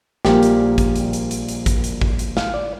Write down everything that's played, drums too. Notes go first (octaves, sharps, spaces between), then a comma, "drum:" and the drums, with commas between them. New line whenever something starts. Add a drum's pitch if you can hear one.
A#1 A#2 G3 A#3 G4, drum: snare
drum: hi-hat
drum: kick G#1, hi-hat
drum: hi-hat
drum: hi-hat
drum: hi-hat
drum: hi-hat
drum: kick G#1, hi-hat
drum: hi-hat
drum: kick G#1
drum: hi-hat
F5, drum: snare
D5